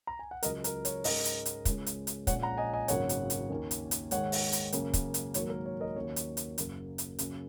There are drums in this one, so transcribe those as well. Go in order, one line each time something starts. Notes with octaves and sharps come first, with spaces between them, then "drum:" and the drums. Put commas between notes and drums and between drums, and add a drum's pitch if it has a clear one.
A#5
G#5
F#5
C#2 C#3 F#3 A#4 D#5, drum: hi-hat
A#4, drum: hi-hat
C#5, drum: hi-hat
G#2 G#3 C#4 A#4 D#5, drum: open hi-hat
drum: hi-hat
drum: hi-hat
C#2 C#3 G#3 C#4, drum: kick, hi-hat
drum: hi-hat
drum: hi-hat
A#1 A#2 G#3 C#4 C#5 F#5, drum: kick, hi-hat
F#5 A#5
D#5 G#5
D#5 G#5
G#1 F#2 C#3 A#3 C#4 C#5 F#5, drum: hi-hat
drum: hi-hat
drum: hi-hat
D#2 D#3 A#3 C#4
drum: hi-hat
drum: hi-hat
G#2 D#3 G#3 C#5 F#5, drum: hi-hat
drum: open hi-hat
drum: hi-hat
F#2 C#3 A#3 C#4, drum: hi-hat
drum: kick, hi-hat
drum: hi-hat
G#2 D#3 F#3 A#3 C#5, drum: hi-hat
A#4
C#5
A#4 D#5
D#2 D#3 F#3 A#3 C#4 C#5
drum: hi-hat
drum: hi-hat
F#1 F#2 C#3 F#3 A#3, drum: hi-hat
drum: hi-hat
F#2 C#3 A#3, drum: hi-hat